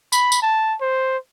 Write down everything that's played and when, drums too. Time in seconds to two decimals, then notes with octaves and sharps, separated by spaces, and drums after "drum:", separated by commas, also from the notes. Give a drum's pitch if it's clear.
0.12 B5, drum: tambourine
0.32 drum: tambourine
0.42 A5
0.81 C5